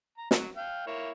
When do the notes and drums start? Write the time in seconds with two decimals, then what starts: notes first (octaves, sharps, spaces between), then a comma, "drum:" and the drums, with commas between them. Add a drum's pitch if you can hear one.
0.18 A#5
0.31 F#3, drum: snare
0.56 F5 G5
0.87 A#3 E4 C#5